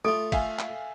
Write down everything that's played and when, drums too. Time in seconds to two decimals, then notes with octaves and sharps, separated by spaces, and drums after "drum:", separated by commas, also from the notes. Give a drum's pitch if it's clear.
0.05 A3 F4 A4
0.32 E5 F5 G#5, drum: kick, cymbal
0.59 drum: clap